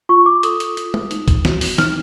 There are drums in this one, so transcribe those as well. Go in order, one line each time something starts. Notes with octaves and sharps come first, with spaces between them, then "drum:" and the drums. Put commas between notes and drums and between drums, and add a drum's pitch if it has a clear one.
F4 C#6
D6
A4 D#6, drum: hi-hat
drum: hi-hat
F4, drum: hi-hat
drum: tom
D#4, drum: hi-hat
drum: kick, hi-hat
F#4, drum: snare
drum: open hi-hat
D#4 F6, drum: snare